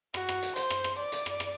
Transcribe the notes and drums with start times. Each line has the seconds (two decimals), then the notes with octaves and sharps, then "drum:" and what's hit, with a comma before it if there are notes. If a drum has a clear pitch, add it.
0.14 F#4, drum: rim click
0.29 drum: rim click
0.43 drum: hi-hat
0.56 C5, drum: hi-hat
0.70 drum: rim click
0.84 drum: rim click
0.99 D5
1.12 drum: hi-hat
1.26 drum: rim click
1.40 drum: rim click